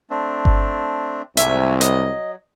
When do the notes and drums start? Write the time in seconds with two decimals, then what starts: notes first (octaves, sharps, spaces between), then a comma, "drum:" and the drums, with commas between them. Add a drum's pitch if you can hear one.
0.10 A3 C4 D4
0.45 drum: kick G1
1.37 C2 G#2 A3 E5 G#5, drum: hi-hat
1.81 F#3 D#5, drum: hi-hat